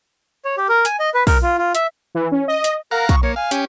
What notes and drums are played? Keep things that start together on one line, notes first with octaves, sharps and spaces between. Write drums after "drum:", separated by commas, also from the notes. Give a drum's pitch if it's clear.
C#5
G4
A#4
G#5, drum: hi-hat
D#5
B4
A#4, drum: kick, open hi-hat
F4
F4
E5, drum: hi-hat
E3
C#4
D#5
drum: hi-hat
A#4 F5 F#5 A#5
C#6, drum: kick, hi-hat
A#3 C#5
F5 G#5
C#4 G4, drum: hi-hat